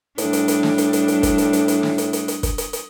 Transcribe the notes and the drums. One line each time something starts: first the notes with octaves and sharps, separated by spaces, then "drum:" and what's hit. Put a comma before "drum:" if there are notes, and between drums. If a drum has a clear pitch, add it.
A2 G3 D4, drum: hi-hat
drum: hi-hat
drum: hi-hat
drum: snare
drum: hi-hat
drum: hi-hat
drum: hi-hat
drum: kick, hi-hat
drum: hi-hat
drum: hi-hat
drum: hi-hat
drum: snare
drum: hi-hat
drum: hi-hat
drum: hi-hat
drum: kick, hi-hat
drum: hi-hat
drum: hi-hat